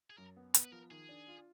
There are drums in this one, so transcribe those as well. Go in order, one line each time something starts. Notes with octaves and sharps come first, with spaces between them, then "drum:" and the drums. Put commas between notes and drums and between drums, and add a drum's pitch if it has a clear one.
G#4
F#2 A#4
B3
B3 B4, drum: hi-hat
B4
F3 A#4
D#3 G#4
D4
F4